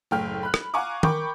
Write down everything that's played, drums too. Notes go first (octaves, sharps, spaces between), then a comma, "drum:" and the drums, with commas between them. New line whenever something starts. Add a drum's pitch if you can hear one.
F#1 A2 G5 F6
B5 F#6
drum: rim click
F5 F#5 G#5 A#5 C#6 D6
A#4 G5 B5 C#6 D6 G6, drum: tom